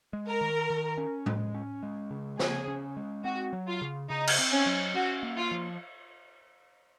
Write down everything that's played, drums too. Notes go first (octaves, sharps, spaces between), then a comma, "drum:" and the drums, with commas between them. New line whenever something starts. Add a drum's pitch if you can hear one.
G#3
A#4
D#3
D#3
C#4
G#3, drum: tom A2
C#4
G#3
C#3
C#3 G#4, drum: snare
C#4
G#3
C4 F#4
F#3
F4
C#3
C#3 D#4
drum: cymbal
C4
C#4
F#3
C#4 F#4
A#3
F4
F3